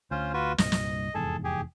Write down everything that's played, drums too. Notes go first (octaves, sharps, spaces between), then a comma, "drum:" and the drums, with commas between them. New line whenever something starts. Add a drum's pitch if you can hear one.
D2 C#4 F4 C5
F4 F#4 B4
C2 G2 A#2 D#5, drum: snare
drum: snare
F1 E2 G#2 G#4 A4
G4 G#4